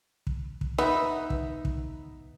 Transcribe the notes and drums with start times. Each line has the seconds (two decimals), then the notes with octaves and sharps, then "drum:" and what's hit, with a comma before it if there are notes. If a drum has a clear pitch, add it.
0.27 drum: kick
0.61 drum: kick
0.78 B3 D#4 E5
1.30 drum: kick
1.65 drum: kick